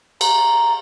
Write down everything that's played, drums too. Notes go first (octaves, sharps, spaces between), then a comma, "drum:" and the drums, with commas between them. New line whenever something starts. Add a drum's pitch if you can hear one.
A#5, drum: cymbal